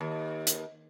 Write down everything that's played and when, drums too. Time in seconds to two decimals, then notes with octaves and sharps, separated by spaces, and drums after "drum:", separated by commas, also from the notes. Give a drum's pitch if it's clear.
0.01 D#2
0.47 drum: hi-hat